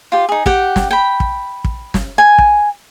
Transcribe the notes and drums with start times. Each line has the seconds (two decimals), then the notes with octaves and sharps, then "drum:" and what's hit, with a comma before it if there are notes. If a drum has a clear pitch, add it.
0.12 F4 G4
0.29 D#4 G#4
0.46 G4 F#5 G5, drum: kick
0.76 drum: snare
0.91 G5 B5
1.20 drum: kick
1.64 drum: kick
1.94 drum: snare
2.18 G#5
2.38 drum: kick